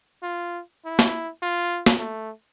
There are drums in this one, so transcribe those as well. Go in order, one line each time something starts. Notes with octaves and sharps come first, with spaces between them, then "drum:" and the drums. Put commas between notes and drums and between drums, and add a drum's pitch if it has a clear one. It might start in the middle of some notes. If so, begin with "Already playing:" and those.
F4
E4
drum: snare
F4
drum: snare
A3